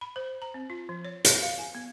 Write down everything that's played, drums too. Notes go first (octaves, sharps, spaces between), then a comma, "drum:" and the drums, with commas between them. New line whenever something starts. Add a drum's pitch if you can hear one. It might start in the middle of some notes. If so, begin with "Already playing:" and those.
B5
C5
A#5
C4
F4
F3
C#5
C#5, drum: hi-hat
F5
G#5
B3